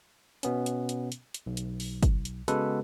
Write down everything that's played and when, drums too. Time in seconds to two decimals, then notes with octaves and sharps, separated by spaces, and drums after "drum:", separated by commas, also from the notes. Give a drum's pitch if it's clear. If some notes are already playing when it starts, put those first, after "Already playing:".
0.43 B2 B3 C#4, drum: hi-hat
0.66 drum: hi-hat
0.89 drum: hi-hat
1.12 drum: hi-hat
1.34 drum: hi-hat
1.46 B1
1.57 drum: hi-hat
1.80 drum: open hi-hat
2.03 drum: kick G1, hi-hat
2.25 drum: hi-hat
2.48 C#3 G#3 B3 F#4 A4 B4, drum: hi-hat